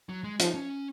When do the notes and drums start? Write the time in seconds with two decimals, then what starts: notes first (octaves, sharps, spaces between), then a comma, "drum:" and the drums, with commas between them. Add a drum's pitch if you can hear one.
0.09 F#3
0.24 G#3
0.40 F3 D#4, drum: hi-hat
0.55 C#4